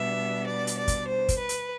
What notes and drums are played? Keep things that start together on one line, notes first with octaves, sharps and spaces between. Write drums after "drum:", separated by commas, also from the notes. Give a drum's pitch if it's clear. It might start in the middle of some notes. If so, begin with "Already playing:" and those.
Already playing: B2 G3 B3 D4 E5
D5
drum: hi-hat
D5
drum: kick, hi-hat
C5
drum: kick, hi-hat
B4
drum: hi-hat